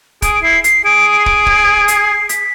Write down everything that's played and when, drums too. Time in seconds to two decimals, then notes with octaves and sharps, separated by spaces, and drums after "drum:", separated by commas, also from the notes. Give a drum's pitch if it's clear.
0.22 G#4 D7, drum: kick, hi-hat
0.35 D7
0.43 E4 C7
0.64 C7, drum: hi-hat
0.85 G#4 D7
1.12 D7
1.20 C7
1.26 D7, drum: kick
1.46 drum: kick
1.88 C7, drum: hi-hat
2.29 B6, drum: hi-hat